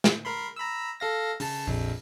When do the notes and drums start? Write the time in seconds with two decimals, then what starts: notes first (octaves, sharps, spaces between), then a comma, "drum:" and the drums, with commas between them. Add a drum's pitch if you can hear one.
0.04 drum: snare
0.25 A#4 B5 C6
0.56 A#5 B5 E6
1.00 A4 F5 A#6
1.40 C#3 A5, drum: open hi-hat
1.67 A#1 F2